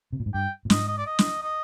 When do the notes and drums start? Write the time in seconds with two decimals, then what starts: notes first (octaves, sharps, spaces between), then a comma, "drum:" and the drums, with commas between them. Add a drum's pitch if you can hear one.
0.13 C3
0.20 A#2
0.26 G#2
0.34 G2 G5
0.65 A#2
0.70 G#2 D#5, drum: snare
0.88 D#5
0.98 D5
1.07 D#5
1.19 drum: snare
1.43 D#5